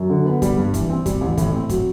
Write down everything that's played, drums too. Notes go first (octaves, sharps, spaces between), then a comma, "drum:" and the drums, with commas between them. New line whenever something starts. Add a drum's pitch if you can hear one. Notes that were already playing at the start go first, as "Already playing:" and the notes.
Already playing: F#2
D3
B3
G3, drum: kick, hi-hat
G2
E3, drum: kick, hi-hat
C4
G3, drum: kick, hi-hat
A1
A2, drum: kick, hi-hat
C4
F#3, drum: kick, hi-hat